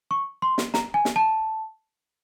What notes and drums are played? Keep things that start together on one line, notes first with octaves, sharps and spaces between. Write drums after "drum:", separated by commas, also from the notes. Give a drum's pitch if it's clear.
C#6
C6
drum: snare
A#5, drum: snare
G#5
drum: snare
A5